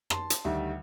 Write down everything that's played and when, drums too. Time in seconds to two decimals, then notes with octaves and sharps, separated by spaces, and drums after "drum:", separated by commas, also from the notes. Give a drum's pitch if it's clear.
0.10 A5 C6, drum: rim click
0.30 drum: hi-hat
0.45 D2 D#3 G3 E5